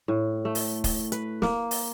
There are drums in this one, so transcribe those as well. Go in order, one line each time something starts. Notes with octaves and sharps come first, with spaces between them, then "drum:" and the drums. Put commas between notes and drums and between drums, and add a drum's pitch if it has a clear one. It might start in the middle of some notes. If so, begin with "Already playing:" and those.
A2
A3
drum: open hi-hat
drum: kick, open hi-hat
B4, drum: hi-hat
A#3, drum: snare
drum: open hi-hat